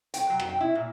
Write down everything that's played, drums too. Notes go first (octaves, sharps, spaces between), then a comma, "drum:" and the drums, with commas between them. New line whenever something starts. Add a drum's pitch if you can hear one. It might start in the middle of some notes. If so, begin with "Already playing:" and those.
G5, drum: hi-hat
F#3
drum: rim click
G5
E4
A#2